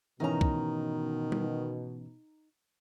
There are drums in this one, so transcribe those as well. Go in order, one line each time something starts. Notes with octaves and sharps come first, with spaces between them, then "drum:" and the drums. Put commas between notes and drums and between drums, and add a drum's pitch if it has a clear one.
G#2 B2 D#3 E3 C#4 D#4 A#5
drum: kick
drum: tom G3